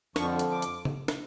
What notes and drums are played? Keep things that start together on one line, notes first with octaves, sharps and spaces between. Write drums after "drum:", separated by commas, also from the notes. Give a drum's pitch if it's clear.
F2 D3 F3 C#6, drum: snare
drum: hi-hat
D6
drum: hi-hat
drum: tom C#3
drum: snare